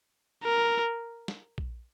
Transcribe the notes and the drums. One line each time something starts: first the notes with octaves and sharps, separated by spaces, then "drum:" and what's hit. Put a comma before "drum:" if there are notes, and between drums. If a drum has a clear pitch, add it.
A#4
drum: snare
drum: kick A#1